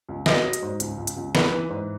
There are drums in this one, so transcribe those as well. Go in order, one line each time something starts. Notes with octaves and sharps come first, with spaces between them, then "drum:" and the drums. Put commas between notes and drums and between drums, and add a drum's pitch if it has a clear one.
C#2
F#3 D#5, drum: snare
F#3
drum: hi-hat
G#2
C#2, drum: hi-hat
C#2
drum: hi-hat
C#2
E3 B4, drum: snare
E3
G#2